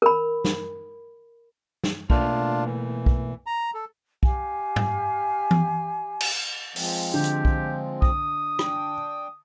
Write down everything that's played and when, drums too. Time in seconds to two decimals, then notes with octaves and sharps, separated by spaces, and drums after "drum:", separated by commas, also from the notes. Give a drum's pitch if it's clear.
0.02 A#4 B5
0.44 drum: snare
1.84 drum: snare
2.10 B2 A3 A#3 D4 F4, drum: kick B1
2.65 E3
3.06 drum: kick B1
3.46 A#5
3.74 A4
4.23 G4 F5 G#5, drum: kick B1
4.76 drum: tom G#2
5.51 drum: tom E3
6.21 drum: cymbal
6.76 F3 G#3 C4, drum: open hi-hat
7.14 D3 G4
7.24 drum: hi-hat
7.45 drum: kick B1
8.02 D#6, drum: kick B1
8.59 D4 G5, drum: rim click